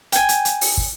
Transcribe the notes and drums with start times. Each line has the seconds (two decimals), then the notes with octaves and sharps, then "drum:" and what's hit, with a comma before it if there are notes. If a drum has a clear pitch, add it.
0.12 G5 G#5, drum: hi-hat
0.29 drum: hi-hat
0.45 drum: hi-hat
0.61 drum: open hi-hat
0.77 drum: kick